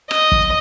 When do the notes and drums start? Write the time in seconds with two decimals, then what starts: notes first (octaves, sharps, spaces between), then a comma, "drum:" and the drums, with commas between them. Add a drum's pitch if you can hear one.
0.11 D#5, drum: rim click
0.32 drum: kick